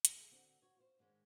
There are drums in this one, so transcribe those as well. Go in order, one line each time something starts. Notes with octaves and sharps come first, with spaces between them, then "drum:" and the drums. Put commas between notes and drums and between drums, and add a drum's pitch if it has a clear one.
drum: hi-hat
G#4 A4 E5
D3 C4 F#4 A4
F#4 C#5
F4 C5
G#2 D#3 G#3 C#4